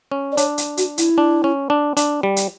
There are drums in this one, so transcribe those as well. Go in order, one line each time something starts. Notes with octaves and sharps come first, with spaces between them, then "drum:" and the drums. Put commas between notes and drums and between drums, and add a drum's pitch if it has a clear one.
C#4
D5
D4 C#5, drum: hi-hat
drum: hi-hat
F#4, drum: hi-hat
E4, drum: hi-hat
D4
C#4
D4
D4, drum: hi-hat
G3
drum: hi-hat